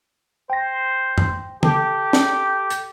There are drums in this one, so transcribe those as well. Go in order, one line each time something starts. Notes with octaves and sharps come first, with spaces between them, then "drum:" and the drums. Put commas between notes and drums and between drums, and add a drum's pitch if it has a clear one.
C5 G5 A#6
drum: tom F#2
G4 A4 A5, drum: tom
drum: snare
drum: hi-hat